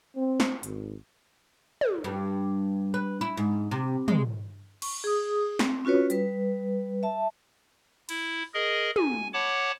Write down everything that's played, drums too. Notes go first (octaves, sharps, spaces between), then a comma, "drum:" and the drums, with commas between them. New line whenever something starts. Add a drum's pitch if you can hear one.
C4
drum: snare
G#1, drum: hi-hat
drum: tom
G2
B4
E4
G#2
C3
G#3, drum: tom
C#6, drum: cymbal
G#4 D#6
C4, drum: snare
C#4 F4 F#4 B4 C#5
G3 B4, drum: hi-hat
E5 A5
E4, drum: cymbal
G#4 A#4 D#5
G#5, drum: tom
C#5 F#5 A5 B5 D6